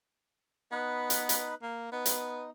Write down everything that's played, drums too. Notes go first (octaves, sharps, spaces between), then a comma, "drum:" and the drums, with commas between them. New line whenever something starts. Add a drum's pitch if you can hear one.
B3 D#4 B4
drum: hi-hat
drum: hi-hat
A#3
B3 D#4
drum: hi-hat